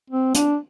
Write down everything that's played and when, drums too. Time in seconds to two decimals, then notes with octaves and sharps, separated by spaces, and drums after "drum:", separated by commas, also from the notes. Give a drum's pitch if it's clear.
0.10 C4
0.35 D4, drum: hi-hat